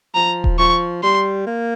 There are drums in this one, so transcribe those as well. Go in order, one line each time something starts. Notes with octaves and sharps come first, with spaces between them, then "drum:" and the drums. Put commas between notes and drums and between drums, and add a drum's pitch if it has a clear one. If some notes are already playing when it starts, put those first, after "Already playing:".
F3 A#5
drum: kick D#1
F3 C#6
G3 C6
A#3